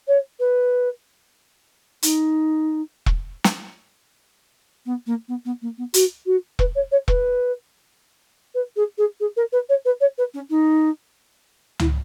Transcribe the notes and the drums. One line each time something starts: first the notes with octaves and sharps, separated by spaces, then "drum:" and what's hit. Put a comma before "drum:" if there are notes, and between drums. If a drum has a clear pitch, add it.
C#5
B4
D#4, drum: hi-hat
drum: kick E1
drum: snare
B3
A#3
B3
B3
A#3
B3
F#4, drum: hi-hat
F#4
B4, drum: kick E1
C#5
C#5
B4, drum: kick E1
B4
G#4
G#4
G#4
A#4
B4
C#5
B4
C#5
B4
C#4
D#4
E4, drum: tom